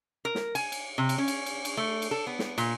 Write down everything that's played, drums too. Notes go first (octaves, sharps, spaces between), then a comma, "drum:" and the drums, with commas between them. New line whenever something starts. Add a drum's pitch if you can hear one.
A#4
drum: snare
G#5, drum: cymbal
drum: cymbal
C3
drum: cymbal
C#4
drum: cymbal
drum: cymbal
drum: cymbal
A3
drum: cymbal
A4
B3
drum: snare
A#2, drum: cymbal